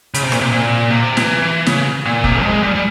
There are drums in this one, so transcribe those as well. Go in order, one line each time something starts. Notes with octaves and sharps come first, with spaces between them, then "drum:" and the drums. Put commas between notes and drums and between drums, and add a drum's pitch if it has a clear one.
C#3, drum: hi-hat
C3
A#2, drum: rim click
C3
A#2
C3
E3, drum: snare
E3
C#3, drum: snare
A#2
C3, drum: kick
G#3
G3
G3